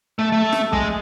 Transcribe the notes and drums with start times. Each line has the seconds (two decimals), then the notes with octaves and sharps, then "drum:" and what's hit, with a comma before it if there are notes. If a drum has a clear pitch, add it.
0.19 A3
0.32 A3
0.52 drum: snare
0.73 G#3, drum: kick